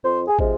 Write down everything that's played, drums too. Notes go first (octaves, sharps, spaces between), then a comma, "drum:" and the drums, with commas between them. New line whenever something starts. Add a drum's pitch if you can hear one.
F2 C5
G#4
C3 F3 G#3, drum: kick